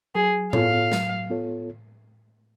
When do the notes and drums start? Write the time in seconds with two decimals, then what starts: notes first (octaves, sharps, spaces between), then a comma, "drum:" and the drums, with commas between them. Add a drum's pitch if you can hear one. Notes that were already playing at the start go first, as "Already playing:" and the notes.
0.15 F#3 G#4
0.53 B3 F4 A4 C#5 F5, drum: tom A2
0.92 F#3, drum: snare
1.30 B3 F4 A4 C#5